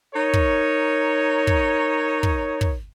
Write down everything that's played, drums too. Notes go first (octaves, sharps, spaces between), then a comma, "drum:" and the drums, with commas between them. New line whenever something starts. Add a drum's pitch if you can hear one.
D#4 A#4 C#5
drum: kick
drum: kick
drum: kick
drum: kick